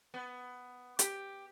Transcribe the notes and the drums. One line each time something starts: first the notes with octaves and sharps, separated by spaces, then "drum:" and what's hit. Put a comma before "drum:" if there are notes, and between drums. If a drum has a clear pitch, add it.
B3
G4, drum: hi-hat